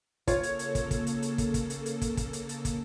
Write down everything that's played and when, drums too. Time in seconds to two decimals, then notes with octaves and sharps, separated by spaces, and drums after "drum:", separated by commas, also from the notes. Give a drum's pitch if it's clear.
0.28 C#3 A#3 F4 A4 C#5, drum: kick, hi-hat
0.43 drum: hi-hat
0.59 drum: hi-hat
0.75 drum: kick, hi-hat
0.91 drum: kick, hi-hat
1.07 drum: hi-hat
1.22 drum: hi-hat
1.38 drum: kick, hi-hat
1.54 drum: kick, hi-hat
1.70 drum: hi-hat
1.86 drum: hi-hat
2.02 drum: kick, hi-hat
2.17 drum: kick, hi-hat
2.33 drum: hi-hat
2.49 drum: hi-hat
2.65 drum: kick, hi-hat